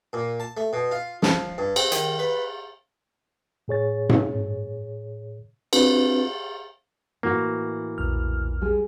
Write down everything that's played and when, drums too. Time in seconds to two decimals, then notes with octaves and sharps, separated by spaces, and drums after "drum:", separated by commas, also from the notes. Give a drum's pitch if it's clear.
0.13 A#2
0.40 A5
0.57 A3
0.73 B2
0.91 F4
1.22 F3, drum: snare
1.58 G2
1.76 C4, drum: cymbal
1.92 D#3, drum: hi-hat
2.19 B4
3.68 A2 G#4 C#5 A6
4.09 drum: tom G#2
5.73 C4 D4 F4 F#4 B4, drum: cymbal
7.23 A2 E3 A#3 F#4
7.98 A#1 E2 F6
8.61 G3 G#3 G#4